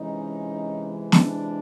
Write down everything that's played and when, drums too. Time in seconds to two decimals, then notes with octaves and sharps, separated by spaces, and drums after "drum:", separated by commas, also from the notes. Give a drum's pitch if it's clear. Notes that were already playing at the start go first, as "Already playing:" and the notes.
Already playing: C3 E3 G#3 C#4 D#4
1.12 D4, drum: snare